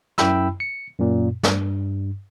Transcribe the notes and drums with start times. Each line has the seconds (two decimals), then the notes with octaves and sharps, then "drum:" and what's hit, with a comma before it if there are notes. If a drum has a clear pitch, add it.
0.18 F#2 E4 G5 B5 E6, drum: snare
0.60 C#7
0.99 F#2 A#2
1.43 G2, drum: snare